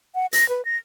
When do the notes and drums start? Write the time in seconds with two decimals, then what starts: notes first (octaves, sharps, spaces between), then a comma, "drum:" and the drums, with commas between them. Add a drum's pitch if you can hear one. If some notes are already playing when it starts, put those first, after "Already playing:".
0.15 F#5
0.33 A#6, drum: hi-hat
0.49 B4
0.65 A#6